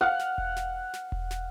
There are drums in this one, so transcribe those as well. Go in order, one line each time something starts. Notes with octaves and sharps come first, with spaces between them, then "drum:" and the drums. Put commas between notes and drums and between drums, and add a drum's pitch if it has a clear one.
F5 F#5
drum: snare
drum: kick E1
drum: snare
drum: snare
drum: kick E1
drum: snare